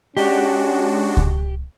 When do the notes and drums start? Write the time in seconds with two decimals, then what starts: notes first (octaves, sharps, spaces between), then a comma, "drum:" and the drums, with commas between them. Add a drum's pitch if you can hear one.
0.17 G#3 C#4 D4 F#4 G4
1.17 drum: kick C#2